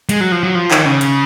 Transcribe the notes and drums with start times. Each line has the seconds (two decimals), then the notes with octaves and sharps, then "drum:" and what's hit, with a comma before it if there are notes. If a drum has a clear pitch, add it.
0.09 G#3, drum: hi-hat
0.21 F#3
0.32 F3
0.43 F#3
0.55 F3
0.71 D#3, drum: clap
0.86 C#3
1.01 drum: hi-hat